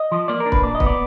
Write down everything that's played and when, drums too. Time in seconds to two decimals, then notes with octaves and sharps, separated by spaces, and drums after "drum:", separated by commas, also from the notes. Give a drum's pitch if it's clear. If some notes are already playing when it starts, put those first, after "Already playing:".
Already playing: D#5
0.12 F3
0.28 A#3 D5
0.40 A#4
0.46 D4
0.52 B4, drum: kick
0.63 A#2 D5
0.75 D#5
0.80 B3, drum: kick
0.86 D5